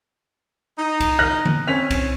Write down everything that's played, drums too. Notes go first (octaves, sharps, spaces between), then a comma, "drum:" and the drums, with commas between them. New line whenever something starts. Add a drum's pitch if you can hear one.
D#4
drum: kick C2, cymbal
F6 F#6 A#6
drum: tom D3
C4 C#4 B6 F7
drum: kick C2, cymbal